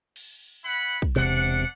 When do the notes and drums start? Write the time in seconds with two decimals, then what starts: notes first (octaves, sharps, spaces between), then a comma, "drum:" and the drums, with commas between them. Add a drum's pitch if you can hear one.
0.16 drum: cymbal
0.64 E4 F#5 B5
1.02 drum: kick
1.16 E1 C3 D4 F#5, drum: snare